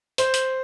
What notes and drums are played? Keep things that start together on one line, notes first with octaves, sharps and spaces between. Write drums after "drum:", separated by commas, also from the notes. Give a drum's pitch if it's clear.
C5, drum: hi-hat
drum: hi-hat